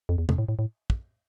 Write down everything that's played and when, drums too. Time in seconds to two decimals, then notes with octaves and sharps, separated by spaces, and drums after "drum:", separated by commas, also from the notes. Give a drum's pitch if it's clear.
0.09 F2
0.18 E2
0.29 F2, drum: tom
0.38 A2
0.49 A2
0.59 A2
0.90 drum: kick